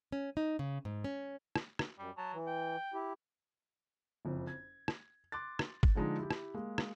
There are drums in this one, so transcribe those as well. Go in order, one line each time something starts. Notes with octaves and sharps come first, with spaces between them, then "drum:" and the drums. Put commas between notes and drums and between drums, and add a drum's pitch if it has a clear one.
C#4
D#4
C#3
G#2
C#4
drum: rim click
drum: rim click
F#2 G3
F#3 A5
E3
G5
E4 G4
F#1 F2
G#6
drum: rim click
C6 D6 F#6 A6
drum: rim click
drum: kick
D3 F3 G#3 D4 D#4
E4 G4
drum: rim click
G#3 A#3
drum: rim click